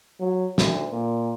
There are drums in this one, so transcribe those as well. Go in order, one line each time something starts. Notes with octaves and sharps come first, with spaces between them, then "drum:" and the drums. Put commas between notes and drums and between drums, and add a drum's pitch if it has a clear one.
F#3
D2, drum: snare
A#2